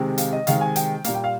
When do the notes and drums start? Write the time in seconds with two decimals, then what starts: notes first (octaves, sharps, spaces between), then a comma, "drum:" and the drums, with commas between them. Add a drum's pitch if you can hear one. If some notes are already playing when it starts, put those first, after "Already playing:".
Already playing: C3 D#3 G#3 C4
0.18 F5, drum: hi-hat
0.33 D#5
0.47 C3 D#3 G#3 C4 F5, drum: hi-hat
0.61 G#5
0.76 G5, drum: hi-hat
1.04 A#2 G3 A#3 F5, drum: hi-hat
1.15 G5
1.24 F5